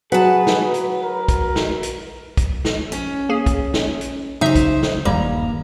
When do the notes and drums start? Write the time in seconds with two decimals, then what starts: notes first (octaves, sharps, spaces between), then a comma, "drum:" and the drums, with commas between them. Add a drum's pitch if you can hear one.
0.12 F#3 G#4 B4 F#5 A5
0.47 drum: snare
0.74 drum: hi-hat
1.03 A#4
1.28 drum: kick, hi-hat
1.56 drum: snare
1.83 drum: hi-hat
2.37 drum: kick, hi-hat
2.65 drum: snare
2.92 C#4, drum: hi-hat
3.29 A#3 G#4
3.46 drum: kick, hi-hat
3.74 drum: snare
4.01 drum: hi-hat
4.41 C#3 F#3 D#4 C5 E5
4.55 drum: kick, hi-hat
4.83 drum: snare
5.05 D#1 G2 D#3 G3 A#3 A#5